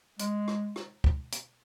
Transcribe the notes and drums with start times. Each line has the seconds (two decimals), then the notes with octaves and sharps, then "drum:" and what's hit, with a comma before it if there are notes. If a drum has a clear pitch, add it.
0.19 G#3, drum: hi-hat
0.48 drum: rim click
0.76 drum: rim click
1.04 drum: kick
1.32 drum: hi-hat